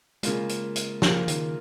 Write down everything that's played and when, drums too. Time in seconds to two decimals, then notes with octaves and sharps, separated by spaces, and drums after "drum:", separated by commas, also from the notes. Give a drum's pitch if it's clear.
0.23 C#3 G#3 A#3 F4, drum: hi-hat
0.49 drum: hi-hat
0.76 drum: hi-hat
1.02 C#3 F3 A#3 F4, drum: snare
1.28 D#3, drum: hi-hat